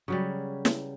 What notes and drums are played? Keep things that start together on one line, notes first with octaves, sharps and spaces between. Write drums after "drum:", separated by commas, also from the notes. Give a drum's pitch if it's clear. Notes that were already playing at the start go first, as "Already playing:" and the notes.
C#3 F#3 G3
drum: snare